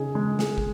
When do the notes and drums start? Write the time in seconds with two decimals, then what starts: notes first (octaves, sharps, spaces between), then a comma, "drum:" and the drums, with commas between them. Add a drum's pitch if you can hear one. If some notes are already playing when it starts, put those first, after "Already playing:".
Already playing: C#3 D#4 G#4
0.15 G#3
0.39 G#4, drum: snare
0.58 drum: kick